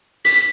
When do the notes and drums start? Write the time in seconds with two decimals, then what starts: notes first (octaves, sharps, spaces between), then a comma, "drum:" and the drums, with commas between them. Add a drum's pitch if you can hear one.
0.25 B6, drum: hi-hat